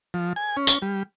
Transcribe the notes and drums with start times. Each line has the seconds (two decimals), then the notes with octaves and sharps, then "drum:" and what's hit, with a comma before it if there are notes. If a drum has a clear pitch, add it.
0.14 F3
0.36 G#5
0.57 C#4
0.67 drum: tambourine
0.82 G3